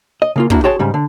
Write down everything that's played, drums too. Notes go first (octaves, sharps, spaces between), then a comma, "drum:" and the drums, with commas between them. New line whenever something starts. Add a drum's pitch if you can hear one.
D#5
C#3 A#3 F4
G3 A#3 D4 E4 F#4, drum: kick
F#4 G#4 C#5 G5 A5 C6
G#2 C#3 G3
D3